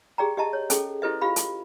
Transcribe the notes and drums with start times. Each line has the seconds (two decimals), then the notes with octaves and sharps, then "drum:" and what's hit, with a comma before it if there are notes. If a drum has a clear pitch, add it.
0.18 G4 G#4 D5 G5 A#5
0.37 G4 D#5 E5 A5 A#5
0.53 C#5
0.70 C#4 G#4 A4, drum: hi-hat
1.02 E4 G4 A4 B4 D#5 E5
1.21 F4 G4 F5 B5
1.36 drum: hi-hat